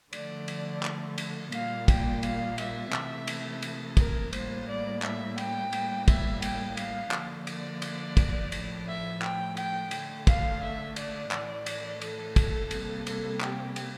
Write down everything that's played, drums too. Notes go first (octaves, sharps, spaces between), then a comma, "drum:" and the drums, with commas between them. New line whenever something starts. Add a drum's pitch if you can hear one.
D3 F3 A3 D5, drum: cymbal
drum: cymbal
drum: clap
drum: cymbal
A#2 G3 A#3 F5, drum: cymbal
G5, drum: kick, cymbal
F5, drum: cymbal
E5, drum: cymbal
C3 E3 A3, drum: clap
drum: cymbal
drum: cymbal
A#4, drum: kick, cymbal
A2 G3 A#3 C5, drum: cymbal
D5
E5, drum: clap
G5, drum: cymbal
A2 G3 A#3, drum: cymbal
E5, drum: kick, cymbal
G5, drum: cymbal
F5, drum: cymbal
D3 F3 A#3, drum: clap
D5, drum: cymbal
drum: cymbal
drum: kick, cymbal
A2 F3 A3, drum: cymbal
E5
G5, drum: clap
G5, drum: cymbal
D3 A3, drum: cymbal
F5, drum: kick, cymbal
E5
D5, drum: cymbal
A2 E3 A3, drum: clap
drum: cymbal
A4, drum: cymbal
drum: kick, cymbal
C3 G3 A#3, drum: cymbal
A4, drum: cymbal
G4, drum: clap
drum: cymbal